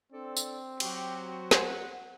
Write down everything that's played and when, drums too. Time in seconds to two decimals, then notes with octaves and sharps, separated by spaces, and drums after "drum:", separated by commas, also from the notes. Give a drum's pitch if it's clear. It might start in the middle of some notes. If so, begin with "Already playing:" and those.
0.12 C4 D4 A4 D5
0.37 drum: tambourine
0.80 F#3 F#4 G4, drum: cymbal
1.51 C5 F#5 G#5, drum: snare